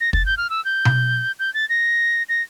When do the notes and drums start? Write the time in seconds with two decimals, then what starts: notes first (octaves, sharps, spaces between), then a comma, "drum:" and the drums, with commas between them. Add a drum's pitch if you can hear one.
0.00 A#6
0.13 A6, drum: kick
0.26 G6
0.37 F6
0.50 E6
0.65 G6
0.85 drum: tom B2
1.39 G6
1.54 A6
1.69 A#6
2.29 A#6